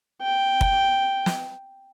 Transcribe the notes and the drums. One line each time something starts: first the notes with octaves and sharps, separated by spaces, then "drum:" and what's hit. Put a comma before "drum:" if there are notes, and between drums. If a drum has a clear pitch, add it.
G5
drum: kick
drum: snare